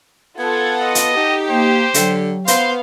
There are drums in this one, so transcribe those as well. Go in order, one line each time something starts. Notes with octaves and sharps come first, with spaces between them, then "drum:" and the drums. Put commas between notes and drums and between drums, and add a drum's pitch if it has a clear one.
B3 F4 A4 F#5 G#6
D#5
drum: hi-hat
D#4 G4
A#3 C5
D3 F#3, drum: hi-hat
B3 C5 F5 C6, drum: hi-hat